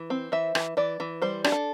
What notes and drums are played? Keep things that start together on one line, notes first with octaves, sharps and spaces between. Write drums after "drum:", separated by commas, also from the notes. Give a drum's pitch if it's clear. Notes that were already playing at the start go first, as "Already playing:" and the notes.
Already playing: E3
C4
E3 E5
E3, drum: rim click
E3 D5
E3
G3 C5
D4 G4, drum: rim click
A4